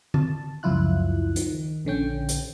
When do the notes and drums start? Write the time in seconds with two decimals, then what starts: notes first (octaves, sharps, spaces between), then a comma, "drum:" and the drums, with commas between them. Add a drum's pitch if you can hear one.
0.14 A5, drum: tom D3
0.63 C#2 F#2 F3 E4 F4 F#6
1.36 D#3, drum: hi-hat
1.85 A#1 D3 C#4 G5
2.29 drum: hi-hat